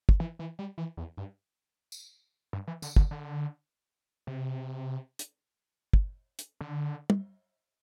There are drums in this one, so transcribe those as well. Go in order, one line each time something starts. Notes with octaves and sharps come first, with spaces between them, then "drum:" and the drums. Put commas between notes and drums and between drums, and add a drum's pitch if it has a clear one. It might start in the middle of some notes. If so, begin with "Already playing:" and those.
drum: kick
E3
E3
G3
E3
E2
G2
drum: tambourine
G2
E3
D3, drum: tambourine
D3, drum: kick
D3
C3
drum: hi-hat
drum: kick
drum: hi-hat
D3
drum: tom